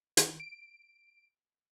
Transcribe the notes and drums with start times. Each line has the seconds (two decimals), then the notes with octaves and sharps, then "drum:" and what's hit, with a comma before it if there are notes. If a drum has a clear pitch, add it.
0.17 D#3, drum: hi-hat
0.40 D7